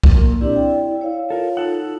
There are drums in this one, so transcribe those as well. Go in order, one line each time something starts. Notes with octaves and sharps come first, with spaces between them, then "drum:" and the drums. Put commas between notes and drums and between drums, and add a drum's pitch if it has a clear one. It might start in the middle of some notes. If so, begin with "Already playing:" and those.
drum: kick C2
A#2 A#3 A#4
C4 D4 E4 G4 D5
G5
C#5 F5
F4 A4 A#4
D#4 A4 F#5 A5